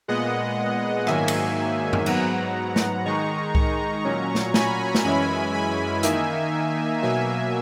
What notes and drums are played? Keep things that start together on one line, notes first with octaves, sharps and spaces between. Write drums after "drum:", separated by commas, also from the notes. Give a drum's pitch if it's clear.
A#2 G#3 B3 D#5 F#5
G#2 D#3 F#3 A#3 E5 G#5, drum: rim click
drum: cymbal
drum: tom F#2
G#2 F#3 B3 F#5 A#5, drum: cymbal
drum: snare
D#3 G#3 D#4 A#5 C#6
A#5 C#6, drum: kick C2
A#2 F#3 C#4
drum: snare
G#5 B5, drum: snare
drum: snare
F#2 E3 G#3 C#4 E4 G#5 B5
G#5 B5
D#3 A#3 D#4 E5 G#5, drum: hi-hat
B2 F#3 A#3 E5 G#5